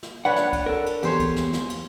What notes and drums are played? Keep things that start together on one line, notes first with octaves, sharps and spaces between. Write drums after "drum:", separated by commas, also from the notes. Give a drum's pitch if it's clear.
drum: snare
D4 B4 C#5 F#5
drum: snare
drum: kick, cymbal
A4 A#4
drum: cymbal
E2 G4 C5 C#5, drum: cymbal
drum: kick, cymbal
drum: snare
drum: snare
drum: cymbal